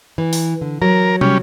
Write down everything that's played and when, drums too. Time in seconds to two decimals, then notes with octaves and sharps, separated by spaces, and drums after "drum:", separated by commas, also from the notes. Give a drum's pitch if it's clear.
0.18 E3
0.33 drum: open hi-hat
0.61 D3
0.82 F#3 A#4
1.21 G3 C#4, drum: tom